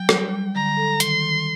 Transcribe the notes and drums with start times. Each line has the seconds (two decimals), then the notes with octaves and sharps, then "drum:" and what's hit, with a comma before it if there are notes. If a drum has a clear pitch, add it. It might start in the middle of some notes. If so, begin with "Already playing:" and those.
Already playing: F#3 G5
0.09 G3, drum: rim click
0.31 G3
0.55 D3 A#5
0.77 A4
1.00 D#3 C6, drum: hi-hat
1.22 D#3